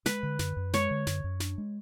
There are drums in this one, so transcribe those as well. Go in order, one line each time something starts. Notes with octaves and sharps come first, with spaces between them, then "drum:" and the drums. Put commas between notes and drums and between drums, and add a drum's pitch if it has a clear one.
G#3 B4, drum: snare
D3
F#2, drum: snare
F#2
G#3 C#5, drum: snare
D3
F#2, drum: snare
F#2
D4, drum: snare
G#3